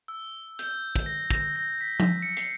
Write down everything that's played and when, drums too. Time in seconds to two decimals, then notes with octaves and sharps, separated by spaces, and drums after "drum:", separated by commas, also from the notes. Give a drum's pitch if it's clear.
0.08 E6
0.59 G6, drum: hi-hat
0.96 drum: kick
1.06 A#6
1.31 A#6, drum: kick
1.56 A#6
1.81 B6
2.00 drum: tom F3
2.22 C#7
2.37 C7, drum: hi-hat